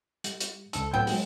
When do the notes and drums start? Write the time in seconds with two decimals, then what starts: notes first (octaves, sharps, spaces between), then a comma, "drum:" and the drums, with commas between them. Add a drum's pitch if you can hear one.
0.24 G3, drum: hi-hat
0.40 drum: hi-hat
0.73 C#2 A4 E6, drum: hi-hat
0.93 A2 F#3 B3 C4 G5
1.07 F#3 G#3 G#4, drum: open hi-hat